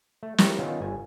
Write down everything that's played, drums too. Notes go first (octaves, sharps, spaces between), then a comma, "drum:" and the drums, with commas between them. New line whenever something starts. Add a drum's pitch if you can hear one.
A3
E4 G4 A#4 C#5 E5, drum: snare
D#3 B3 C#4 F4
G1 G#5